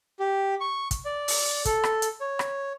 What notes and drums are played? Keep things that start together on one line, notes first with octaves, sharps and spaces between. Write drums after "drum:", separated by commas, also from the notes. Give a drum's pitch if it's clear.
G4
C#6
drum: kick, hi-hat
D5
drum: open hi-hat
A4, drum: kick, hi-hat
drum: rim click
drum: hi-hat
C#5
drum: rim click